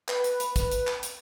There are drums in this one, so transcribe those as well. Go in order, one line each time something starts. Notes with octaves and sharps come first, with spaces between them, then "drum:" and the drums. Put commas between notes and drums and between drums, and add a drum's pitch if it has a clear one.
B4, drum: clap
drum: hi-hat
drum: hi-hat
drum: kick, hi-hat
drum: hi-hat
drum: clap
drum: hi-hat